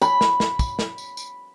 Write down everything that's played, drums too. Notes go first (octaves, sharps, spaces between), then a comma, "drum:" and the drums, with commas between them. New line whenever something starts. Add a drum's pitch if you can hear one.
B5, drum: tambourine
drum: snare
drum: snare
drum: kick, tambourine
drum: snare
drum: tambourine
drum: tambourine